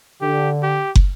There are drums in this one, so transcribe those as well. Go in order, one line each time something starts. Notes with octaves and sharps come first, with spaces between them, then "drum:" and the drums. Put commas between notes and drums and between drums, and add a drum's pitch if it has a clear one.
D3 G4
G4
drum: kick